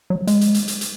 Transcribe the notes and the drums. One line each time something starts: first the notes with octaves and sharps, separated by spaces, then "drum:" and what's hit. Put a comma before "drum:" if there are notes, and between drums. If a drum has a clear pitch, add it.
F#3
G#3, drum: hi-hat
drum: hi-hat
drum: hi-hat
drum: hi-hat
drum: hi-hat